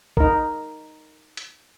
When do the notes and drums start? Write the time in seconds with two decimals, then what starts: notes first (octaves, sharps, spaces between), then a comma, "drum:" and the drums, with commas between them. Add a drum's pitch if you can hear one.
0.17 D#4 A#4, drum: kick
1.37 drum: hi-hat